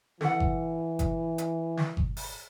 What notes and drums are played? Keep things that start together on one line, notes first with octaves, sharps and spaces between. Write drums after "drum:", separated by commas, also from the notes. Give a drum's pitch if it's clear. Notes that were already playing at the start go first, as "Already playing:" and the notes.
E3 A4 F#5, drum: snare
drum: kick G1
drum: kick G1, hi-hat
drum: hi-hat
drum: snare
drum: kick G1
drum: open hi-hat